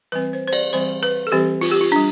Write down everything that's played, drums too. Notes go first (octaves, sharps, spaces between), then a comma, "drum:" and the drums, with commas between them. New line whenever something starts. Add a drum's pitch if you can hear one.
E3 G3 C4 B4
C5
C5
D5, drum: cymbal
E3 G3 C4 C5
B4
A4
E3 G3 C4 G4
F4, drum: open hi-hat
G4
F4
G3 D4